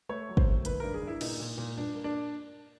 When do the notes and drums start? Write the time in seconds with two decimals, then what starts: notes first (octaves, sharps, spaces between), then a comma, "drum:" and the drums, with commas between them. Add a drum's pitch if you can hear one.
0.09 A3 C#5
0.29 F#3
0.37 C5, drum: kick
0.46 A3
0.65 D#3 B4, drum: hi-hat
0.80 G2 A#4
0.94 G#4
1.02 G2
1.07 E4
1.21 A#2 D#4, drum: cymbal
1.40 A#2
1.58 A#2
1.77 G2 D4
1.95 A#3
2.04 D4